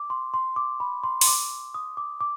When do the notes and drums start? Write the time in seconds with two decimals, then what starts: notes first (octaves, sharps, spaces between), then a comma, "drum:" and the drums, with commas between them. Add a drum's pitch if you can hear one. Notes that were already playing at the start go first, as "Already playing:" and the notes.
Already playing: D6
0.10 C6
0.34 C6
0.56 D6
0.80 B5
1.04 C6
1.21 C6, drum: open hi-hat
1.27 D6
1.74 D#6
1.97 D6
2.21 D6